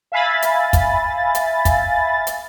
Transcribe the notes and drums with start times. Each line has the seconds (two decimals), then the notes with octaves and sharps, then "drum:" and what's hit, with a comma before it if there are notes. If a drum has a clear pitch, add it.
0.12 E5 F5 G#5 B5 A6
0.42 drum: hi-hat
0.73 drum: kick, hi-hat
1.35 drum: hi-hat
1.65 drum: kick, hi-hat
2.27 drum: hi-hat